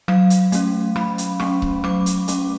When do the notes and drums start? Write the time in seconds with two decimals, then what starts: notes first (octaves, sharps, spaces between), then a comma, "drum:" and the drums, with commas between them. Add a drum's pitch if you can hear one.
0.08 F#3 F5, drum: rim click
0.30 drum: hi-hat
0.52 A3 C#4, drum: hi-hat
0.96 F#3 B5, drum: rim click
1.18 drum: hi-hat
1.40 A3 C#4 C#6, drum: rim click
1.62 drum: kick C#1
1.84 F#3 D6, drum: rim click
2.06 drum: hi-hat
2.28 A3 C#4 D6, drum: hi-hat